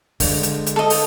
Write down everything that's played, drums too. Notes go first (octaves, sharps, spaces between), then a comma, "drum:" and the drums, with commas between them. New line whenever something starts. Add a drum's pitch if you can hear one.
D3 G#3, drum: kick, open hi-hat
drum: hi-hat
drum: hi-hat
A4 D#5
drum: open hi-hat